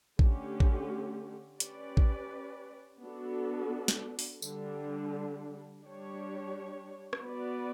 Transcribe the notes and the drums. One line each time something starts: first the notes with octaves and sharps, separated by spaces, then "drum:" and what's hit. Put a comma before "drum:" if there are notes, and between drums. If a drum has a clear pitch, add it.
D3 A3 C#4 G4, drum: kick A1
drum: kick A1
C#4 G4 B4 D5, drum: hi-hat
drum: kick A1
B3 D4 F#4 A4
drum: snare
drum: open hi-hat
D3 G3 D4, drum: tambourine
G3 D4 G4 C#5
drum: rim click
B3 F#4 B4 D5